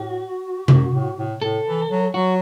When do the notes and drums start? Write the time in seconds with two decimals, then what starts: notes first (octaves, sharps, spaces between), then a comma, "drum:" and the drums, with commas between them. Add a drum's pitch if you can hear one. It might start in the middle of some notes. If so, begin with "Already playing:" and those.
Already playing: A2 F#4
0.68 F#2, drum: tom C3
0.93 A2
1.18 A2
1.42 A2 A4
1.65 E3
1.91 F#3
2.14 F#3 F#4